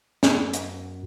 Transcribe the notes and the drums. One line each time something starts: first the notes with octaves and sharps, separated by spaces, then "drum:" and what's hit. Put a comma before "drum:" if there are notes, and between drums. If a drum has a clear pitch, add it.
F#2, drum: snare
drum: hi-hat